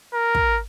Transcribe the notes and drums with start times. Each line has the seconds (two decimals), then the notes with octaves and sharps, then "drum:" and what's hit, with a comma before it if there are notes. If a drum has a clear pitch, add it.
0.14 A#4
0.35 drum: kick